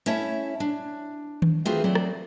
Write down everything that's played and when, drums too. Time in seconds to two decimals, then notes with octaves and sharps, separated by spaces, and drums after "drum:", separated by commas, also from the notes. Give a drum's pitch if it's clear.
0.06 A3 C#4 E4 C#5 E5 A5, drum: hi-hat
0.60 D4
1.42 drum: tom D#3
1.65 A3 C4 F4 F#4 G#4 B4
1.84 F#3 A3 C4 D5
1.95 drum: rim click